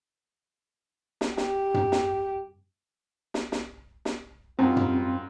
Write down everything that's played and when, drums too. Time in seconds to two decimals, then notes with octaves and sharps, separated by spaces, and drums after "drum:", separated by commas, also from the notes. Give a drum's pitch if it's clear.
1.21 drum: snare
1.37 G4, drum: snare
1.74 drum: tom
1.92 drum: snare
3.34 drum: snare
3.52 drum: snare
4.05 drum: snare
4.59 F#2 G3 C4 D#4 F4
4.76 drum: tom